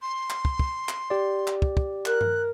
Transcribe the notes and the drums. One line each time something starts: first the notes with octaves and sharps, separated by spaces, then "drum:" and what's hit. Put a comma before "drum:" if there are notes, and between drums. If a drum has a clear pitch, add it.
C6
drum: clap
drum: kick
drum: kick
drum: clap
G4 D5
drum: clap
drum: kick
drum: kick
A#4 F#6, drum: clap
drum: tom G2